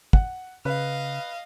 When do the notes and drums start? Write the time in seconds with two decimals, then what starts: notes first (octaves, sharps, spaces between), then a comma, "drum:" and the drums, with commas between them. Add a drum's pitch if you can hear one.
0.13 F#5, drum: kick
0.65 C#3 B4 D#5 F5